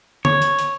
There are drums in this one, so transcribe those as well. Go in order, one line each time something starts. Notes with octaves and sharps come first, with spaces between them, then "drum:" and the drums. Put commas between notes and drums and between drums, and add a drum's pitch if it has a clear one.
C#5, drum: tom D3
drum: hi-hat
drum: hi-hat